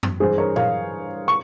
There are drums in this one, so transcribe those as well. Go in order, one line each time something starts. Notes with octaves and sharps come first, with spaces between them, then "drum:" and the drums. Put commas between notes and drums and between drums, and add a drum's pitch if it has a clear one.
drum: tom F#2
G2 E3 G#4 C5
A#4 C#5
C#5 F5, drum: tom A#2
C#6